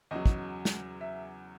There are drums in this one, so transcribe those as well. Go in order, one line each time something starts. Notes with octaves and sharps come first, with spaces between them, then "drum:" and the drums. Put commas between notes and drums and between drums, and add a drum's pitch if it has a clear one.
E2 C#3 F#3 D#5
drum: kick
drum: snare
E5